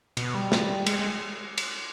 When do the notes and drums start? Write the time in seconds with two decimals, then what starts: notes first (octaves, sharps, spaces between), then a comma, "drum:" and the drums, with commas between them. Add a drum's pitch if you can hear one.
0.17 B2, drum: cymbal
0.34 G3
0.52 drum: snare
0.86 G#3, drum: cymbal
0.99 G#3
1.58 drum: cymbal